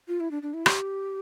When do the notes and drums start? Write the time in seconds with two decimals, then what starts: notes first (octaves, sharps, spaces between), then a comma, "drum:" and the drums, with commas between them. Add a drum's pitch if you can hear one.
0.08 F4
0.20 E4
0.31 D4
0.42 D4
0.54 E4
0.66 G4, drum: rim click